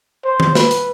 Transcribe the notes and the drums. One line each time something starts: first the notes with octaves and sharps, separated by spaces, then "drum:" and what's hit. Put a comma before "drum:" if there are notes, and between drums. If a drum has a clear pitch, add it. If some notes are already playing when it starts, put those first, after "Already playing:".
C5
drum: tom D#3
B4, drum: snare
drum: hi-hat